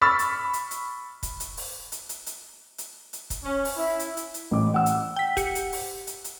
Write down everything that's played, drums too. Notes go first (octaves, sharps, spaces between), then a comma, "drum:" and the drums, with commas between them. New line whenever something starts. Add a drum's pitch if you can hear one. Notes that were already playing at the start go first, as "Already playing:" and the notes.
B5 C#6 E6 F6 A6 B6
drum: hi-hat
drum: hi-hat
drum: hi-hat
drum: kick, hi-hat
drum: hi-hat
drum: open hi-hat
drum: hi-hat
drum: hi-hat
drum: hi-hat
drum: hi-hat
drum: hi-hat
drum: kick, hi-hat
C#4
drum: open hi-hat
E4
drum: hi-hat
drum: hi-hat
drum: hi-hat
A1 E3 D6
F#5 E6
drum: hi-hat
G5 B6
G4 C#7, drum: kick, hi-hat
drum: hi-hat
drum: open hi-hat
drum: hi-hat
drum: hi-hat